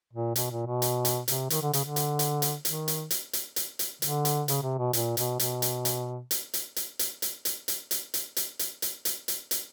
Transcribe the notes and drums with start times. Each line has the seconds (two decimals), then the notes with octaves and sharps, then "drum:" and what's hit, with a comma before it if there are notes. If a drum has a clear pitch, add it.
0.13 A#2
0.36 B2, drum: hi-hat
0.51 A#2
0.66 B2
0.82 drum: hi-hat
1.05 drum: hi-hat
1.28 C3, drum: hi-hat
1.50 D#3, drum: hi-hat
1.62 D3
1.73 C#3, drum: hi-hat
1.84 D3
1.96 drum: hi-hat
2.19 drum: hi-hat
2.42 drum: hi-hat
2.65 D#3, drum: hi-hat
2.88 drum: hi-hat
3.10 drum: hi-hat
3.33 drum: hi-hat
3.56 drum: hi-hat
3.79 drum: hi-hat
4.02 D3, drum: hi-hat
4.25 drum: hi-hat
4.48 C#3, drum: hi-hat
4.63 C3
4.78 B2
4.93 A#2, drum: hi-hat
5.17 B2, drum: hi-hat
5.39 B2, drum: hi-hat
5.62 drum: hi-hat
5.85 drum: hi-hat
6.31 drum: hi-hat
6.54 drum: hi-hat
6.76 drum: hi-hat
6.99 drum: hi-hat
7.22 drum: hi-hat
7.45 drum: hi-hat
7.68 drum: hi-hat
7.91 drum: hi-hat
8.14 drum: hi-hat
8.36 drum: hi-hat
8.59 drum: hi-hat
8.82 drum: hi-hat
9.05 drum: hi-hat
9.28 drum: hi-hat
9.51 drum: hi-hat